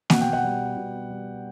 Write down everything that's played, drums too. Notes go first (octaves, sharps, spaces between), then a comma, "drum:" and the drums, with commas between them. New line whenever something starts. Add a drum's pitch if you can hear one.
B2 F#5, drum: snare A#3
G5
F#5
G3
B2
G3